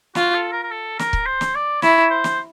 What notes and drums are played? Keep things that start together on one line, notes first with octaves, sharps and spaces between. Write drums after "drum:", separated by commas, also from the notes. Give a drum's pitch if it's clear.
F4 F#4, drum: snare
A4
A#4
A#4
A4
A#4, drum: snare
drum: kick C#1
C5
drum: snare
D5
E4 C#5, drum: snare
C5
drum: snare